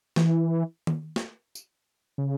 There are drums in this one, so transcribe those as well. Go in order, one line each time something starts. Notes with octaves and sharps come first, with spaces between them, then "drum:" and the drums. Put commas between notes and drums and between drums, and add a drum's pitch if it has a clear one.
E3, drum: snare
drum: tom D#3
drum: snare
drum: tambourine
C#3